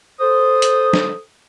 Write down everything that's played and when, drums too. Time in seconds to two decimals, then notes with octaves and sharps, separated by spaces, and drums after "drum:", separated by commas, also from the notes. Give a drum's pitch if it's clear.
0.20 A4 C5 D#6
0.62 drum: hi-hat
0.93 drum: snare